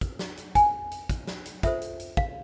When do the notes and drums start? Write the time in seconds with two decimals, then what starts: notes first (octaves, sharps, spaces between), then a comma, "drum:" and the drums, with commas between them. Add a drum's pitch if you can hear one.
0.01 drum: kick, hi-hat
0.19 drum: snare
0.37 drum: hi-hat
0.55 G#5, drum: kick, hi-hat
0.91 drum: hi-hat
1.09 drum: kick, hi-hat
1.27 drum: snare
1.45 drum: hi-hat
1.63 F4 A4 C5 E5, drum: kick, hi-hat
1.82 drum: hi-hat
2.00 drum: hi-hat
2.17 F5, drum: kick